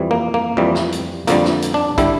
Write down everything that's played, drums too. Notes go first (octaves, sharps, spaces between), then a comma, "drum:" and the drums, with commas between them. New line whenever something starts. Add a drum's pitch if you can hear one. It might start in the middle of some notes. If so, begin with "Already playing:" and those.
Already playing: F2 E3 G3
A#3
A#3
F2 E3 G3
drum: snare
drum: hi-hat
F2 D3 G3 A#3, drum: hi-hat
drum: snare
drum: hi-hat
D4
D3 G3 E4, drum: kick, hi-hat